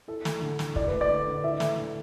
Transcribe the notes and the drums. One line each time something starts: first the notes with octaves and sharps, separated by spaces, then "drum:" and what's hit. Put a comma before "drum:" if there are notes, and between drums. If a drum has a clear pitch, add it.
E4 A4
A3, drum: snare
D3
D3, drum: snare
E4 D5, drum: kick
A3 B4
D5
D3
D3
E4 E5
A3, drum: snare
D3